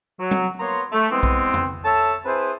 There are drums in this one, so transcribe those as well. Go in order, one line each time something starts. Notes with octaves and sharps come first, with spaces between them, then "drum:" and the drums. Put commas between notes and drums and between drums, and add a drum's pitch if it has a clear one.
F#3
drum: tom F#3
A#3 B3 C#5 A#5 C6
A3
E3 G#3 B3 C4
drum: kick B1
drum: tom F2
A4 C#5 E5 A5
C4 E4 G#4 B4 C5